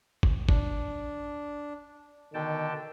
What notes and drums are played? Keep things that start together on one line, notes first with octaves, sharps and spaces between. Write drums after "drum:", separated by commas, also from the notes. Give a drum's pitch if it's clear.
drum: kick
D4, drum: kick
B2 D3 D#3 G5 A5